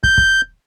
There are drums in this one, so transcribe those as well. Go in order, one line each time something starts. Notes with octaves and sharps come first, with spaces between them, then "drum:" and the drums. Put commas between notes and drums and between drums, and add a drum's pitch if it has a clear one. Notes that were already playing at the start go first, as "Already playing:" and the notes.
G6, drum: kick
drum: kick